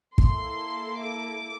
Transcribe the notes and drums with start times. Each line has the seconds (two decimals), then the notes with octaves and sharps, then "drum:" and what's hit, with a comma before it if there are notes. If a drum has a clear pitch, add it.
0.18 A#3 E4 A4 C6, drum: kick
1.00 D6